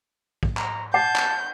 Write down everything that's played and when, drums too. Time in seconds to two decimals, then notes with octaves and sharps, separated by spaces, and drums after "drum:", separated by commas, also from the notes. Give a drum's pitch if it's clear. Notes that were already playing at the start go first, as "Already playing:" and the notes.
0.43 drum: kick
0.57 A#5, drum: clap
0.94 F#5 A5 G6
1.16 drum: clap